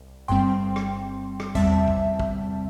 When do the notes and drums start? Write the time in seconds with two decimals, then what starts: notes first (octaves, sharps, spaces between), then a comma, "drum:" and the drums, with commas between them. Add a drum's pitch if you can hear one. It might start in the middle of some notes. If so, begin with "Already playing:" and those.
Already playing: C2
0.28 G1 G2 G3 C4 G5 C6
0.76 drum: rim click
1.40 drum: rim click
1.55 E2 C3 G3 C4 E5 A5, drum: kick
1.88 drum: kick
2.20 drum: kick